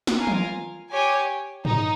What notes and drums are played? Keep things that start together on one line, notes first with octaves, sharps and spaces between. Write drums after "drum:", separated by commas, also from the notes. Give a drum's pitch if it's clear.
drum: snare
F4 A#4 F5 G#5
drum: tom
G4 C#5 G#5
D#4, drum: tom